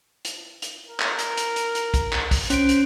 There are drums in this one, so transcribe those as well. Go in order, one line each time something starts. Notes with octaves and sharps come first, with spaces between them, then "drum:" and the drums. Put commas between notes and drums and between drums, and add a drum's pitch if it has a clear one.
drum: hi-hat
drum: hi-hat
A#4
drum: clap
drum: hi-hat
drum: hi-hat
drum: hi-hat
drum: hi-hat
drum: kick C2, hi-hat
drum: clap
drum: kick C2, open hi-hat
C#4 C5 D7, drum: hi-hat
drum: hi-hat